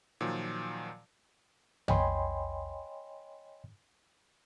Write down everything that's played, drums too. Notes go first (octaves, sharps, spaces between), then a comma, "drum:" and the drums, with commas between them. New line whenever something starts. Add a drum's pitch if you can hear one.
A#2 D#3 F3 F#3
C#5 D#5 G5 G#5 B5 C6, drum: tom